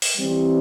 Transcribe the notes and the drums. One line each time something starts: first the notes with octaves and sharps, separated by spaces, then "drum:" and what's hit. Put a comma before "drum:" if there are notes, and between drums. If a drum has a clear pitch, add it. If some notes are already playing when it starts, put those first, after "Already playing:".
drum: open hi-hat
E3 G3 C4